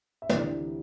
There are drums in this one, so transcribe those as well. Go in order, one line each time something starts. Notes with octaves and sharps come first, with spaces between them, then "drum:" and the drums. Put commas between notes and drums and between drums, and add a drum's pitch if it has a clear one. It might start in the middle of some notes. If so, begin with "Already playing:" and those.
E5
D2 C3 E3 D5, drum: snare